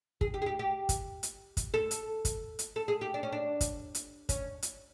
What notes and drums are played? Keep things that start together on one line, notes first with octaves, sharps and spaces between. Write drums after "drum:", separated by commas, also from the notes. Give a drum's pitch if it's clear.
G#4, drum: kick
G4
G#4
G4
G4
drum: kick, hi-hat
drum: hi-hat
drum: kick, hi-hat
A4
drum: hi-hat
drum: kick, hi-hat
drum: hi-hat
A4
G#4
G4
D4
C#4
D4
drum: kick, hi-hat
drum: hi-hat
C#4, drum: kick, hi-hat
drum: hi-hat